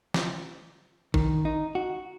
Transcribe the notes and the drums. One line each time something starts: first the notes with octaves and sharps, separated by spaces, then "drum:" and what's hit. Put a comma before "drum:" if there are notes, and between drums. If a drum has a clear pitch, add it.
drum: snare
D#3, drum: kick G#1
D#4
F#4